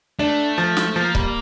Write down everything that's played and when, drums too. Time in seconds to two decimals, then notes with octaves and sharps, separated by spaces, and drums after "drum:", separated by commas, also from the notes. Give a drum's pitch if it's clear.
0.19 A3 D4
0.58 F3
0.77 drum: snare
0.96 F3 A#3
1.15 G3, drum: kick